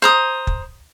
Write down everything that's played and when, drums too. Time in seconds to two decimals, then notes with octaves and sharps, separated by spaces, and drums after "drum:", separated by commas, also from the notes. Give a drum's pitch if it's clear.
0.02 C5 A#5 D#6
0.47 drum: kick